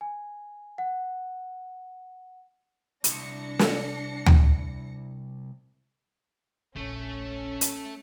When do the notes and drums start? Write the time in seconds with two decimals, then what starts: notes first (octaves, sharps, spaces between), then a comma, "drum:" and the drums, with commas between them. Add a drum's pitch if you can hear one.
0.01 G#5
0.78 F#5
3.04 C2 D4 A#6 C#7, drum: hi-hat
3.59 drum: snare
4.26 drum: tom D2
6.76 F1 A#1 A3 C#4
7.61 drum: hi-hat